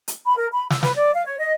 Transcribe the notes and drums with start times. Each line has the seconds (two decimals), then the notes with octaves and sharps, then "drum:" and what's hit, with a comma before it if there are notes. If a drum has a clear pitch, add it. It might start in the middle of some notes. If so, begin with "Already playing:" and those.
0.08 drum: hi-hat
0.24 B5
0.36 A#4
0.53 B5
0.70 E6, drum: snare
0.83 B4, drum: snare
0.95 D5
1.13 F5
1.26 C#5
1.40 D#5